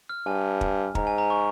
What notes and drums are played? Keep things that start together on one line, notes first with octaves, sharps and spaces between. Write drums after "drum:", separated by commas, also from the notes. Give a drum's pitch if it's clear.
F6
G2 G#5
drum: kick
G#2 A#5, drum: kick
G#5
A#5
C#6